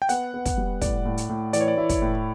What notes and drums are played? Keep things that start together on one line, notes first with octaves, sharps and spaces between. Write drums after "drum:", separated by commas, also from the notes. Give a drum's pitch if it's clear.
G5
B3 F#5, drum: hi-hat
B3
drum: kick, hi-hat
G3
A2 D5, drum: kick, hi-hat
A2
drum: hi-hat
A2
E3 D5, drum: hi-hat
C#5
D5
E4
drum: kick, hi-hat
A2